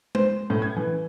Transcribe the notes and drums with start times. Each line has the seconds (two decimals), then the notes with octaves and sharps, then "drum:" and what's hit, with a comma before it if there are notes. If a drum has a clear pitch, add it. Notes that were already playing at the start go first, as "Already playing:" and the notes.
0.15 C5, drum: tom
0.50 A2
0.62 G#6
0.76 E3